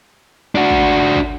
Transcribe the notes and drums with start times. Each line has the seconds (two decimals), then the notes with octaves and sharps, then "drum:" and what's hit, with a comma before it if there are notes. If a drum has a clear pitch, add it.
0.55 D4 F#4
0.70 drum: kick
1.01 drum: tom F#2
1.16 drum: kick